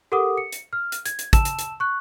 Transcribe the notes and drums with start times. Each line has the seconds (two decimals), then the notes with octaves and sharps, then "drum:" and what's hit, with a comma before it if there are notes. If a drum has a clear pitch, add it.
0.12 G4 A4 A#4 F#5 D6 D#6
0.38 C#7
0.52 drum: hi-hat
0.73 F6
0.92 drum: hi-hat
1.06 G#6, drum: hi-hat
1.19 drum: hi-hat
1.33 A5 E6 E7, drum: kick, hi-hat
1.45 drum: hi-hat
1.59 drum: hi-hat
1.80 C#6 F#6